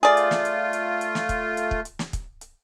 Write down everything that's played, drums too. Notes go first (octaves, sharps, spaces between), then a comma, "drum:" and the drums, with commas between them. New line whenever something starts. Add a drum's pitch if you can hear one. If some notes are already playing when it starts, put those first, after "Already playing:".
A3 F4 G#4 D5
drum: hi-hat
drum: snare
drum: hi-hat
drum: hi-hat
drum: hi-hat
drum: snare
drum: kick, hi-hat
drum: hi-hat
drum: kick
drum: hi-hat
drum: snare
drum: kick, hi-hat
drum: hi-hat